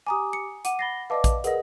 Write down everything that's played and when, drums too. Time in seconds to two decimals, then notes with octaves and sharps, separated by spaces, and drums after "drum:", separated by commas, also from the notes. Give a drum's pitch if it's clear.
0.07 G4 G#5 A#5 D6 D#6
0.33 C#7
0.65 F#5 D6 D#7, drum: hi-hat
0.79 B5 A6 A#6 C7 G7
1.10 B4 D5 D#5 F5 A5 D6
1.24 drum: kick A#1, hi-hat
1.44 G#4 A#4 B4 D#5 F#5, drum: hi-hat